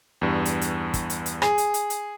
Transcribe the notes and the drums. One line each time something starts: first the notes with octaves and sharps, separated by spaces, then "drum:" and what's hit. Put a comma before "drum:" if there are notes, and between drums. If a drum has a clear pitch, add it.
E2 G2
drum: hi-hat
drum: hi-hat
drum: kick, hi-hat
drum: hi-hat
drum: hi-hat
G#4, drum: rim click
drum: hi-hat
drum: hi-hat
drum: hi-hat